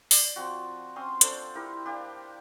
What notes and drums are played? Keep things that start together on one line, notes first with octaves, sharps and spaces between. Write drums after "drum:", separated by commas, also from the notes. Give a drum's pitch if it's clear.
D5, drum: open hi-hat
F3 C4 F#4
C4 C#4 C6 D#6
D4 A4 C5, drum: hi-hat
E4 G4 A#4
A#3 D4 G4